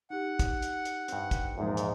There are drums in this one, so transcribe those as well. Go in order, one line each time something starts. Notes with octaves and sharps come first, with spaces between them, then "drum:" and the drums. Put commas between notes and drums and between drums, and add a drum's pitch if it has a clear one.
D#4 G4 F#5
drum: kick, hi-hat
drum: hi-hat
drum: hi-hat
G2 C4, drum: hi-hat
drum: kick, hi-hat
A#1 E2 G#2
drum: hi-hat